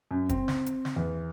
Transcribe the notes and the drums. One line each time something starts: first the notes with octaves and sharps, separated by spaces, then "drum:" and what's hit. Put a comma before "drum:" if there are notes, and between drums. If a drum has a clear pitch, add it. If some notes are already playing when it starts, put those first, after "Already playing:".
F#2
C4, drum: kick, hi-hat
drum: snare
drum: hi-hat
drum: snare
E2